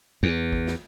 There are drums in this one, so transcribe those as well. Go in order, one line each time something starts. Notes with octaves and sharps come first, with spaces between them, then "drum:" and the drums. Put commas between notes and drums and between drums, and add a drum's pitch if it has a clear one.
E2
drum: kick G#1
drum: snare